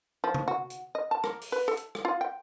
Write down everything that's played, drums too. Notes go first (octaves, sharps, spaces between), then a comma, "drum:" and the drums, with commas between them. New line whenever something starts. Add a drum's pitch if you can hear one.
F3
drum: tom C3
F#4
drum: hi-hat
D#5
A5
A#4, drum: rim click
drum: open hi-hat
B4
A4
drum: hi-hat
drum: rim click
F4
G5